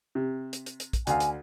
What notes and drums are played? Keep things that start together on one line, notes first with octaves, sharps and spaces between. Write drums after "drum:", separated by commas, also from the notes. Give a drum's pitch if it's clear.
C3
drum: hi-hat
drum: hi-hat
drum: hi-hat
drum: kick, hi-hat
D2 F5 G#5, drum: hi-hat
drum: hi-hat